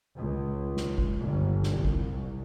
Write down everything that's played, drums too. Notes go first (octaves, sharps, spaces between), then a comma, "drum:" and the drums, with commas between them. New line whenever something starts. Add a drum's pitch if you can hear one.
C#2
drum: snare
drum: kick
G1
drum: snare
C2
drum: kick